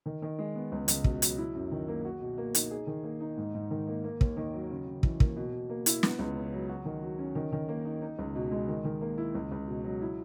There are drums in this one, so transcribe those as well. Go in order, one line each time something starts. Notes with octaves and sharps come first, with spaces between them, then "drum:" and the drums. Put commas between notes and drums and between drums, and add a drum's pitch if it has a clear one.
D#3
D#3
G#3
B3
C#2
C#2, drum: hi-hat
B2, drum: kick
F#3, drum: hi-hat
E4
F#2
D#3
A#3
F#4
B2
A#3
D#4, drum: hi-hat
G#4
D#3
A#3
D#4
G#2
G#2
D#3
A#3
A#3
D#2, drum: kick
D#3
F#3
C#3
C#3
E3, drum: kick
A#3, drum: kick
B2
B2
A#3
E4, drum: hi-hat
B3, drum: snare
C#2
C#3
F#3
F#4
D#3
F#3
C#4
D#3
D#3
A#3
D#4
D#4
C#2
B2
G#3
D#3
D#3
A#3
E4
C#2
C#2
B2
F#3
E4